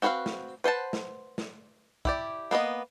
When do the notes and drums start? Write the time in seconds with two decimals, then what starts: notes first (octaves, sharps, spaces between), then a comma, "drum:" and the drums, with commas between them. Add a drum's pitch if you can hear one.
0.02 C4 F#4 B4 C5 F5
0.26 drum: snare
0.64 B4 C5 F#5 A5
0.93 drum: snare
1.38 drum: snare
2.05 E4 G4 D5, drum: kick
2.51 A#3 B3 D5 D#5